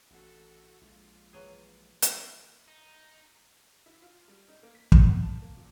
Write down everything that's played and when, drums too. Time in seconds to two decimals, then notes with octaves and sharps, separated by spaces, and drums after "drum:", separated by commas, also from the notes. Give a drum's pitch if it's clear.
0.10 A1 A2 F#4 A4
0.81 A#1 G#3 F4
1.33 E3 F#3 G#4
2.02 A#3 F5, drum: hi-hat
2.68 D#4
3.86 E4
4.02 F4
4.28 G3
4.48 D#4
4.63 A#3
4.75 B6
4.92 A4, drum: kick
5.07 F#5
5.22 A5
5.42 A#3
5.57 A#2